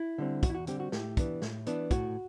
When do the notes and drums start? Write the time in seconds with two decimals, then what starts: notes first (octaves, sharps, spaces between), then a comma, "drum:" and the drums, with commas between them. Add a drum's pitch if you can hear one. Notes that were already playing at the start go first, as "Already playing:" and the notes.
Already playing: E4
0.18 D3 G3 C4
0.43 E2 F#4, drum: kick, hi-hat
0.50 E4
0.55 F#4
0.67 D3 G3 C4 G4, drum: hi-hat
0.80 F#4
0.92 A2 G4, drum: snare
1.17 E3 B3 D4, drum: kick, hi-hat
1.42 A2, drum: snare
1.66 E3 B3 D4, drum: hi-hat
1.91 A2 F#4, drum: kick, hi-hat